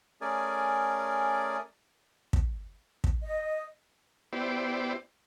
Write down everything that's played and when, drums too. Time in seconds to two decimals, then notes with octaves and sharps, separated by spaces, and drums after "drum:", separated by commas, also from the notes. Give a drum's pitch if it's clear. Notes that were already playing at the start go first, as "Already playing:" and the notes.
0.21 A3 C#4 G#4 A#4 D5 G#5
2.33 drum: kick
3.04 drum: kick
3.22 D#5
4.33 B3 E4 G4 C5 D5